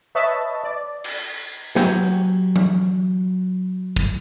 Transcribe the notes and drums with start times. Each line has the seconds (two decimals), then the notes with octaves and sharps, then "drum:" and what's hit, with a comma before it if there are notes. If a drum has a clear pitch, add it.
0.15 B4 C#5 D#5 E5 A5
0.64 D5
1.04 drum: cymbal
1.76 F#3 G4 C#5 G#5, drum: snare
2.56 drum: tom E3
3.96 drum: kick